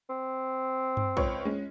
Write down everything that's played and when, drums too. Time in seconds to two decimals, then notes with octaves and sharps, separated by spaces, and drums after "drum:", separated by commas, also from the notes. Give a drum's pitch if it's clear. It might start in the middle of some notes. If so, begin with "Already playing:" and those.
0.09 C4
0.97 drum: tom G2
1.17 C#2 C#5 C#6, drum: kick
1.45 G#3 C#4